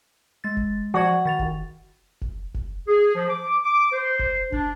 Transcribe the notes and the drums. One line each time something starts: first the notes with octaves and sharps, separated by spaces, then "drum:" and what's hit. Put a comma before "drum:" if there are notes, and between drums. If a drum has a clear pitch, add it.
G#3 A6
drum: kick F1
F3 F#4 D5 G#6
D#3 A6 F7
drum: kick F1
drum: kick F1
drum: kick F1
G#4
F3
D6
D6
C5
drum: kick F1
D4, drum: kick F1